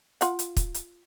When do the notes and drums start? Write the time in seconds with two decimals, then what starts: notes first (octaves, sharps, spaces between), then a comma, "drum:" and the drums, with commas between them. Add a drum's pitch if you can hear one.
0.21 F4 F#5, drum: hi-hat
0.39 drum: hi-hat
0.57 drum: kick, hi-hat
0.74 drum: hi-hat